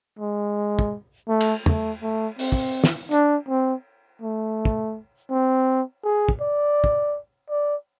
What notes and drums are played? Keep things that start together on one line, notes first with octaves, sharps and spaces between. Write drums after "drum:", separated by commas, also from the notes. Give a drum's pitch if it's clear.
G#3
drum: kick
A3
drum: cymbal
A3, drum: tom E2
A3
C4, drum: open hi-hat
drum: kick
drum: snare
D4, drum: hi-hat
C4
A3
drum: kick
C4
G#4
drum: kick
D5
drum: kick
D5